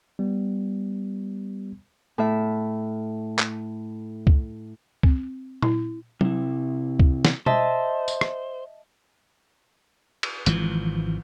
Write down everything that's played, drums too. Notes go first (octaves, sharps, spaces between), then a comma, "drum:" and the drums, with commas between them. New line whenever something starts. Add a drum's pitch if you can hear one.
G3 B3
A2 E5
drum: clap
drum: kick
C4, drum: kick
E4, drum: tom A#2
C3 E4, drum: tom F#3
drum: kick
drum: snare
C5 D#5 E5 A5, drum: tom B2
drum: tambourine
drum: rim click
drum: cymbal
G#1 E3 F3, drum: hi-hat